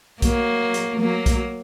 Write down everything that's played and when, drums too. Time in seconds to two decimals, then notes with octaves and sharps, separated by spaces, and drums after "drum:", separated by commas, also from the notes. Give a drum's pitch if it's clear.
0.22 F#3 A#3, drum: kick, hi-hat
0.74 drum: hi-hat
1.00 F#3 A#3
1.26 drum: kick, hi-hat